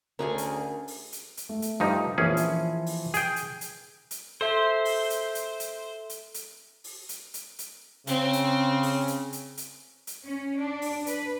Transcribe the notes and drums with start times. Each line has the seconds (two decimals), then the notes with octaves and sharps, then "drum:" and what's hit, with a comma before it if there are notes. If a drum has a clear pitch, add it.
0.19 D2 C#4 G#4 A#4 G#5
0.38 drum: hi-hat
0.88 drum: open hi-hat
1.12 drum: hi-hat
1.37 drum: hi-hat
1.49 A3
1.62 drum: hi-hat
1.80 G2 F3 D#4
2.18 A#1 E3 F3 C#4 G#4
2.37 drum: hi-hat
2.86 drum: open hi-hat
3.14 G#4 G5, drum: hi-hat
3.36 drum: hi-hat
3.61 drum: hi-hat
4.11 drum: hi-hat
4.41 A4 C5 E5
4.85 drum: open hi-hat
5.10 drum: hi-hat
5.35 drum: hi-hat
5.60 drum: hi-hat
6.09 drum: hi-hat
6.34 drum: hi-hat
6.84 drum: open hi-hat
7.09 drum: hi-hat
7.34 drum: hi-hat
7.59 drum: hi-hat
8.07 C#3 C4, drum: hi-hat
8.33 drum: hi-hat
8.83 drum: open hi-hat
9.08 drum: hi-hat
9.33 drum: hi-hat
9.57 drum: hi-hat
10.07 drum: hi-hat
10.27 C#4
10.59 D4
10.82 drum: open hi-hat
11.07 B4, drum: hi-hat